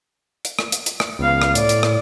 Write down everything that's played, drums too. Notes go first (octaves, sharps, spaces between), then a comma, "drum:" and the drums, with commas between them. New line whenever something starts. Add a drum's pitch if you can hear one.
drum: hi-hat
drum: rim click
drum: hi-hat
drum: hi-hat
drum: rim click
C#2 B3 F5
drum: rim click
A2 D5, drum: hi-hat
drum: hi-hat
drum: rim click